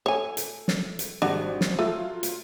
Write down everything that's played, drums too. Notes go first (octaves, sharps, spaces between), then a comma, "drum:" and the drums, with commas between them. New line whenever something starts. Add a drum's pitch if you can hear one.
A3 C#5 G#5
drum: hi-hat
drum: snare
drum: hi-hat
G#1 G3 G#3 D4 F#4
drum: snare
F#3 A3 F4
drum: hi-hat